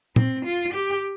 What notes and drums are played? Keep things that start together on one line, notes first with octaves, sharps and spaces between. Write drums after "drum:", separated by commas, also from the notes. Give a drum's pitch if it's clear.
C4, drum: tom
F4
G4